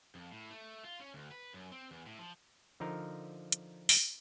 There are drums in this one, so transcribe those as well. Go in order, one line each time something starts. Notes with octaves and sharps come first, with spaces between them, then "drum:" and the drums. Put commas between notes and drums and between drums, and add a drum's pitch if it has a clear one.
F2
A2
A3
F4
C#4
D2
B4
F#2
C4
E2
A2
F3
D3 F3 D#4 A#4
drum: hi-hat
drum: open hi-hat